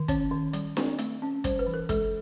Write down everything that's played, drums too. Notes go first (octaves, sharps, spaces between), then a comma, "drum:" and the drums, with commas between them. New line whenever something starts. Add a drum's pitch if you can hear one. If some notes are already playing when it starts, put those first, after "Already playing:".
Already playing: D#3
C#4 C#5, drum: kick, hi-hat
D#3
G3, drum: hi-hat
C4, drum: snare D4
A3, drum: hi-hat
C#4
G3 C5, drum: kick, hi-hat
B4
E3
A#4
G#3 A4, drum: kick, hi-hat